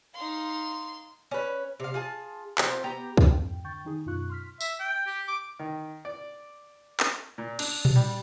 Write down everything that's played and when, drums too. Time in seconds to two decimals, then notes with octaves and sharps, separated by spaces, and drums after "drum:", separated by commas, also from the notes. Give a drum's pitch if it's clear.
0.14 D#4 F5 C6
1.31 C#4 B4
1.80 C3 F5
1.94 F4 G#4 A5
2.58 C4 D#4 F4 G4, drum: clap
2.84 B3 G4 A#5
3.17 drum: kick
3.29 F2 G#2 G5
3.65 D3 G5 C#6 G6 A6
3.85 D#3 D#4 G#4
4.06 F#2 B2 D#4 F4 C#6 F#6
4.30 C6 F6 B6
4.61 E5, drum: tambourine
4.80 G5
5.07 G4
5.28 D6
5.59 D#3
6.05 D5
7.00 drum: clap
7.38 A#2
7.59 D4, drum: cymbal
7.85 drum: tom A#2
7.96 G3